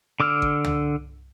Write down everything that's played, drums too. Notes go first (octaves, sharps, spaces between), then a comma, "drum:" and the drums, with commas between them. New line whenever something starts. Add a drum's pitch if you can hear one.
D3 D6 E6 F6
drum: kick G#1
drum: tom